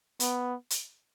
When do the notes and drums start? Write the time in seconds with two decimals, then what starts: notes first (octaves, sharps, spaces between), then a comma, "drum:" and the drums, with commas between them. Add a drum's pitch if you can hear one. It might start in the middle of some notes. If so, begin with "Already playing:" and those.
0.20 B3, drum: hi-hat
0.70 drum: hi-hat